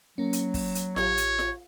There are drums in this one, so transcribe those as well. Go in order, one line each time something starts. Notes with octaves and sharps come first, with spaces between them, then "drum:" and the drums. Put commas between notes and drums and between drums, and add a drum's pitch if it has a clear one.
F#3 A#3 C#4
drum: hi-hat
drum: kick, open hi-hat
drum: hi-hat
A1 F4 G4 C#5, drum: snare F4
drum: hi-hat
drum: snare F4